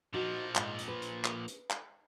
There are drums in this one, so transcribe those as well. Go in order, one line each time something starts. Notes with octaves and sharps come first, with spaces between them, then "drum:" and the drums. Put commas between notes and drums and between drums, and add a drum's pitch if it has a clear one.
A#2 F3 D#4 F#4
G#2, drum: clap
drum: hi-hat
B4
drum: hi-hat
drum: clap
drum: hi-hat
drum: clap